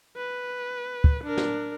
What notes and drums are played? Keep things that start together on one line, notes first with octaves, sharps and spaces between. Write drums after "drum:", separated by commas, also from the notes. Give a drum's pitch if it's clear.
B4
drum: kick
D4 A#4
drum: snare